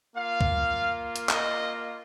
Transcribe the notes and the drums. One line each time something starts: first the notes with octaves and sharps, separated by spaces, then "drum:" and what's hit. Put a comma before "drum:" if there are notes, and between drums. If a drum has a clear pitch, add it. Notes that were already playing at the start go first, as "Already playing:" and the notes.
A#3 F4 F5
drum: kick
drum: hi-hat
D#5, drum: clap